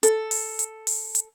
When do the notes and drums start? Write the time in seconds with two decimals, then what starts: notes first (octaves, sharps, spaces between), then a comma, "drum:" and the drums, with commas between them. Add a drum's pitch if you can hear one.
0.03 A4, drum: hi-hat
0.31 drum: open hi-hat
0.59 drum: hi-hat
0.87 drum: open hi-hat
1.15 drum: hi-hat